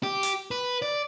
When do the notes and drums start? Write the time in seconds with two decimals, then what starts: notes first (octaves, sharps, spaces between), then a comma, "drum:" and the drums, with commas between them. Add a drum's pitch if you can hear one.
0.03 G4
0.23 drum: hi-hat
0.51 B4
0.82 D5